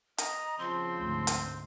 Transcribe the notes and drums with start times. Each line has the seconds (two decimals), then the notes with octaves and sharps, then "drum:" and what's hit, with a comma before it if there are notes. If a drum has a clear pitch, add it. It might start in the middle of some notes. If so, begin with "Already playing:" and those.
0.18 D#5 A#5, drum: hi-hat
0.58 C#3 F3 C4 C6
0.96 D2 G#2
1.27 drum: hi-hat